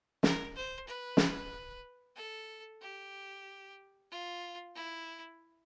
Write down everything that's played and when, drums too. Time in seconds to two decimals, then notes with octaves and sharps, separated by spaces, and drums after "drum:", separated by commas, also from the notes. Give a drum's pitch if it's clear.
0.23 A#4, drum: snare
0.56 C5
0.87 B4
1.17 drum: snare
2.16 A4
2.81 G4
4.11 F4
4.75 E4